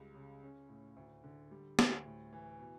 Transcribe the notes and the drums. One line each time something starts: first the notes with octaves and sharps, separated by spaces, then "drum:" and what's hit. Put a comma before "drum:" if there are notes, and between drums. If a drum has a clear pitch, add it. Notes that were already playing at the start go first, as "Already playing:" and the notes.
Already playing: C#2 G3
C#3
C#4
A2
D2
D3
G3
D2, drum: snare
A2
E3
B2